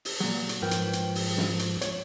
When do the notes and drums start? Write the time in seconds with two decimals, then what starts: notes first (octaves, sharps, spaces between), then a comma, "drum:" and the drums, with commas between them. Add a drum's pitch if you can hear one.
0.05 drum: open hi-hat
0.20 A#2 F#3
0.49 drum: hi-hat
0.62 G#2 F3 A#4 B4 G5
0.71 drum: hi-hat
0.93 drum: hi-hat
1.15 drum: open hi-hat
1.37 drum: snare
1.59 drum: hi-hat
1.81 C#5, drum: hi-hat